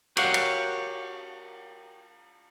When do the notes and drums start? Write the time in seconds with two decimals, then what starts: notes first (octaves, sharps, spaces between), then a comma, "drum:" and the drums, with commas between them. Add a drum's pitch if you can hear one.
0.17 F#4 G4 A#4 C#5 F5 F#5, drum: cymbal
0.34 drum: cymbal